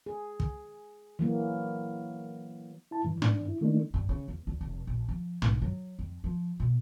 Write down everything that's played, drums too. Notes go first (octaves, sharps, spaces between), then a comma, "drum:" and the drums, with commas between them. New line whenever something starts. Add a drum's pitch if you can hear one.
G#4
drum: kick
E3 F#3 A#3
E4 A5
G2 E3
D4, drum: tom
E4
D#3 A3 A#3 D4 D#4
G2
C#3
E2
D2
F1
A#1
F3
B1, drum: tom
F#3
F2
F3
B2